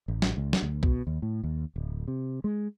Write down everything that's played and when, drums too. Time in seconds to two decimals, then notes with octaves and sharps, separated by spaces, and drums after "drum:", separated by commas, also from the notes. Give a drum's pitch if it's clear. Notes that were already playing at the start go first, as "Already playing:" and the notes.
0.08 A1
0.22 drum: snare
0.37 C#2
0.53 drum: snare
0.62 D2
0.83 B2, drum: kick C2
1.07 D#2
1.22 A2
1.43 D#2
1.76 D1
2.08 C3
2.44 G#3